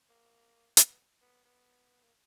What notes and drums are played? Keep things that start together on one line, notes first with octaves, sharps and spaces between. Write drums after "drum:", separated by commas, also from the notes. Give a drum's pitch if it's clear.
A#3
B3, drum: hi-hat
B3
B3
A#3